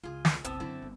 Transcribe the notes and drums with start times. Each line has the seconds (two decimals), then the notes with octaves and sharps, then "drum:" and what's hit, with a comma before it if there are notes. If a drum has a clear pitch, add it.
0.03 C#2 F4 G#4
0.25 drum: snare
0.44 F#1 B1 A2 B3 C4 A5 E6, drum: hi-hat
0.60 F#2 D3 A3 E4
0.82 G1